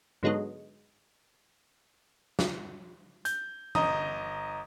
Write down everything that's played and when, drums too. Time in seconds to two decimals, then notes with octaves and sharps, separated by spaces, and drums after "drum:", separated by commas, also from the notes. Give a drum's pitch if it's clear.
0.23 G#2 D3 F#3 G#3 B3 D#4
2.39 drum: snare
3.25 G6, drum: hi-hat
3.75 G1 D#5 A#5 D#6, drum: tom E3